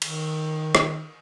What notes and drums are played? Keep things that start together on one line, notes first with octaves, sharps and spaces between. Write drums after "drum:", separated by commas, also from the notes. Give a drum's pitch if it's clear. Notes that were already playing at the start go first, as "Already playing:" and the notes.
D#3, drum: cymbal
drum: rim click